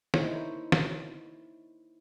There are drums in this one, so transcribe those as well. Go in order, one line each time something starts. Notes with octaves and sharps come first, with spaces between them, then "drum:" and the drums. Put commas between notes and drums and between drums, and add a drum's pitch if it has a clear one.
A#3 D#4 E4 C5 C#5, drum: snare
drum: snare